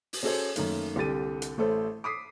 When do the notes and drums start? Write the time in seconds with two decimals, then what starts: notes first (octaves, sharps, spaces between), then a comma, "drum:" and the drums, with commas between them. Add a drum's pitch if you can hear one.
0.13 drum: open hi-hat
0.23 C#4 F#4 G#4 A4 C5 C#5
0.56 F#2 D#3 A3 A#3, drum: hi-hat
0.96 C2 D3 G4 A6 D#7
1.42 drum: hi-hat
1.58 A1 A3 A4 C5
2.04 D6 D#6 B6 C7